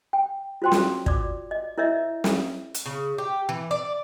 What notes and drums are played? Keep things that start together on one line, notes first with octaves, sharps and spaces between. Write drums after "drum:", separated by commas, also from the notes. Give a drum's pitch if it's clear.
G5
F4 F#4 C5 G5 C6
drum: snare
D5 D6, drum: kick
D#5
E4 A#4 C#5 D#5 E5
drum: snare
drum: hi-hat
C#3
G4
E3
D5